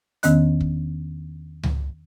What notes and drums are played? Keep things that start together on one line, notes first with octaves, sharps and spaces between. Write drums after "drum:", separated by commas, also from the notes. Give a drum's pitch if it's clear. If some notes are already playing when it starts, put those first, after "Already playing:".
E2 D#3 B3 C#4 D#5 F#6, drum: hi-hat
drum: kick
drum: tom C#2